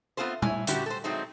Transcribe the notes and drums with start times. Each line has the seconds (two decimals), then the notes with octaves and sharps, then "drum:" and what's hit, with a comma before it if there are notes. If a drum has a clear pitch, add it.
0.17 A3 B3 C4 F4 G#4 C5
0.42 E4 C#5 G#5, drum: tom A#2
0.67 D3 G3 C#4 E4 F#4 G4, drum: hi-hat
0.86 A4 C5
1.04 F#3 G#3 A3 C4 D#4